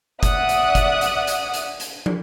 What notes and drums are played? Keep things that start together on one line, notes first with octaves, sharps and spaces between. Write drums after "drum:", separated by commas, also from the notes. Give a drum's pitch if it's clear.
D5 E5 F#5 D#6 F#6, drum: kick F#1, hi-hat
drum: hi-hat
drum: kick F#1, hi-hat
drum: hi-hat
drum: hi-hat
drum: hi-hat
drum: hi-hat
drum: tom